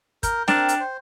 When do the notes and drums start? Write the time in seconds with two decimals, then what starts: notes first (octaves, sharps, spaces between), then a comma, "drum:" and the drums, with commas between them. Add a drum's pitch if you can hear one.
0.23 A#4 G6, drum: kick, hi-hat
0.48 C4 D4 A#4 G5, drum: snare
0.69 drum: hi-hat
0.80 C5